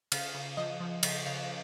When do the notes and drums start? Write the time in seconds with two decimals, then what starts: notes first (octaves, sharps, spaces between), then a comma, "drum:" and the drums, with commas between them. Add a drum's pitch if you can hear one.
0.12 C#3 F5, drum: cymbal
0.35 C#3
0.57 F3 D#5
0.80 F3
1.03 C#3, drum: cymbal
1.27 C#3 F5